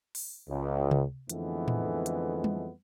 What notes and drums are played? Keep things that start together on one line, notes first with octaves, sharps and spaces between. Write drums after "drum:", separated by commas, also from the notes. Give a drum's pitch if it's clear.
drum: open hi-hat
C#2
drum: tom C3
F2 D3 E3 G#3 A3 B3, drum: hi-hat
drum: tom A2
drum: hi-hat
drum: tom G3